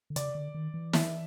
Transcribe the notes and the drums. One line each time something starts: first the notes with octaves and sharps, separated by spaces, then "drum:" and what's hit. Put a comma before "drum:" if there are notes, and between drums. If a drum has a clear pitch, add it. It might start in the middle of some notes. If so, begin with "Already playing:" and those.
D3
C#3 D5, drum: hi-hat
D3
D#3
E3
E5, drum: snare